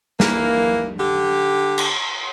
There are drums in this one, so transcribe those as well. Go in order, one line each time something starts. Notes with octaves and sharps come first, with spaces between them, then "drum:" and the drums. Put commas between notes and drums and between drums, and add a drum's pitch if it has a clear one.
E3 A#3, drum: snare
D3 G4
drum: cymbal